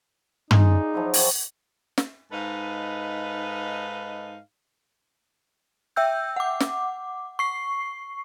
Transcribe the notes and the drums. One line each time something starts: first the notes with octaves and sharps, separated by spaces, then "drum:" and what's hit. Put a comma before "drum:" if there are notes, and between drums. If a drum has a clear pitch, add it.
D#4 F4 G#4, drum: tom
D5
F3 F#3 E4
C#5 G5, drum: open hi-hat
drum: snare
G#2 D#4 A4 B4 D#5 F5
E5 G5 E6 G6
F#5 D6
drum: snare
C#6 C7